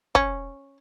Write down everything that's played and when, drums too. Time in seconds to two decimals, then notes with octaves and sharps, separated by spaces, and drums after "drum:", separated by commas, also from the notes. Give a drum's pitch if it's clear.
0.15 C#4, drum: kick